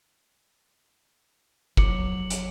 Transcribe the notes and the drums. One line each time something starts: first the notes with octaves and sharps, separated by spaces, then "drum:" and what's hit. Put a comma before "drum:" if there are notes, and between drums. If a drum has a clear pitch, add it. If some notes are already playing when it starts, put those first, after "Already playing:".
F2 F#3 D6 C#7 F#7, drum: kick
drum: hi-hat